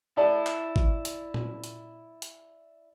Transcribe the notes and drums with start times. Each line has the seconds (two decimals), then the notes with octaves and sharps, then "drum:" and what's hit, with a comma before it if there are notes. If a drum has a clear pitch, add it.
0.17 E4 D5 A5
0.47 drum: clap
0.76 drum: kick
1.05 drum: hi-hat
1.34 drum: tom A#2
1.64 drum: hi-hat
2.22 drum: hi-hat